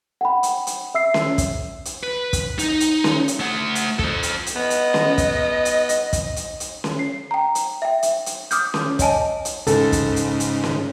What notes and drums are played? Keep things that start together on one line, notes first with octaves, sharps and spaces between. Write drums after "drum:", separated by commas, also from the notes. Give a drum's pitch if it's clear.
F#5 G5 B5
drum: hi-hat
drum: hi-hat
E5 E6 C7
drum: snare C#4
drum: kick, hi-hat
drum: hi-hat
B4
drum: kick, hi-hat
D#4, drum: hi-hat
drum: hi-hat
drum: snare C#4
drum: hi-hat
A3 F#5
drum: hi-hat
A4 C5, drum: kick
drum: hi-hat
drum: hi-hat
B3 D#5
drum: hi-hat
drum: snare C#4
drum: kick, hi-hat
drum: hi-hat
drum: hi-hat
drum: kick, hi-hat
drum: hi-hat
drum: hi-hat
drum: snare C#4
C7
G5 A#5
drum: hi-hat
E5 G5
drum: hi-hat
drum: hi-hat
D6 D#6 F6 G6, drum: hi-hat
drum: snare C#4
C#5 D#5 G#5 A5, drum: kick, hi-hat
drum: hi-hat
G#2 C#3 A4, drum: hi-hat
drum: kick, hi-hat
drum: hi-hat
drum: hi-hat
drum: snare C#4